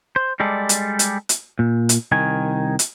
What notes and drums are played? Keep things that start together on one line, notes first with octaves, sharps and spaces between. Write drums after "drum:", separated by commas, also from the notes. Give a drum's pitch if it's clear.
C5
G3 G#3 A4 D5
drum: hi-hat
drum: hi-hat
drum: hi-hat
A#2
drum: hi-hat
C2 D#3 G#5
drum: hi-hat